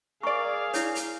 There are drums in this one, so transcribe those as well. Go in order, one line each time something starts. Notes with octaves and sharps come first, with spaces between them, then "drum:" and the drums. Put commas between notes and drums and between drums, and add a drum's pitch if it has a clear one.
G#4 A#4 D5 F5 C#6
E4 C#5, drum: hi-hat
drum: hi-hat